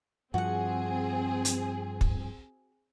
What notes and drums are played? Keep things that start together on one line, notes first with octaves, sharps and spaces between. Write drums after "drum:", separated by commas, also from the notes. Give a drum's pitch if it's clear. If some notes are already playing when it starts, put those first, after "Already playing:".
G2 F3 C4 F#4 G#4 F#5
drum: hi-hat
drum: kick